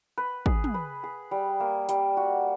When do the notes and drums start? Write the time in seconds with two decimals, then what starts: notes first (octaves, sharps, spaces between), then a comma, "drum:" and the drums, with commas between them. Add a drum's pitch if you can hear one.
0.18 B4
0.46 G#4, drum: kick G#1
0.64 drum: tom
0.74 B4
1.04 G#4
1.31 G3
1.60 A#3
1.89 G3, drum: hi-hat
2.17 F#4